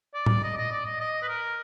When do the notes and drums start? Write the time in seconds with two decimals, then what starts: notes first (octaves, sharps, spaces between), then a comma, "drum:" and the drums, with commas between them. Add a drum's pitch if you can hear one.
0.15 D5
0.26 drum: tom A2
0.43 D#5
0.58 D#5
0.72 D5
0.86 D#5
1.00 D#5
1.22 B4
1.29 A#4